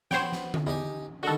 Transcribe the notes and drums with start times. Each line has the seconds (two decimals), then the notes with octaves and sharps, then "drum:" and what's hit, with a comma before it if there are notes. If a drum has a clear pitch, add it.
0.11 B3 C4 C5 C#5 G5, drum: snare
0.32 drum: snare
0.54 drum: tom D3
0.66 E2 D#4 G4 G#5
1.23 D3 D#3 G3 F#4 A4